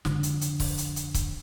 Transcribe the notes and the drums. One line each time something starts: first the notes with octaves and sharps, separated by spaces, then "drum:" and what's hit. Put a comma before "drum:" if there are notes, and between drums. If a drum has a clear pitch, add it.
F2 D3, drum: snare
drum: hi-hat
drum: hi-hat
drum: kick C#1, open hi-hat
drum: hi-hat
drum: hi-hat
drum: kick C#1, hi-hat